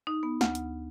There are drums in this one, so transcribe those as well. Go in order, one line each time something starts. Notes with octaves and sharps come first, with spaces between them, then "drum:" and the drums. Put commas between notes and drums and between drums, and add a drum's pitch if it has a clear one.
D#4
B3
D2, drum: snare
drum: hi-hat